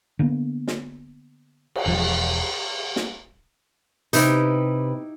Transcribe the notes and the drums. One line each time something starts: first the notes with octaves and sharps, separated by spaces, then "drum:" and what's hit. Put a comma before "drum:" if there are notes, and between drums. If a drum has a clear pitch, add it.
D3 A#3 B3
drum: snare
drum: cymbal
E1 F3
drum: snare
C3 D#4 E4 G4 B4, drum: hi-hat